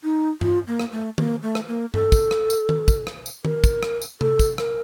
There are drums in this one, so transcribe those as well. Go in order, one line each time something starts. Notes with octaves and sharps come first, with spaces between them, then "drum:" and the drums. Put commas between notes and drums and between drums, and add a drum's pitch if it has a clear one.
D#4
F4, drum: tom G2
A#3
drum: rim click
A3
A#3, drum: tom
A3
drum: rim click
A#3
A4, drum: tom G2
drum: kick, tambourine
drum: rim click
drum: tambourine
drum: tom
drum: kick, tambourine
drum: rim click
drum: tambourine
A#4, drum: tom
drum: kick, tambourine
drum: rim click
drum: tambourine
A4, drum: tom C3
drum: kick, tambourine
A#4, drum: rim click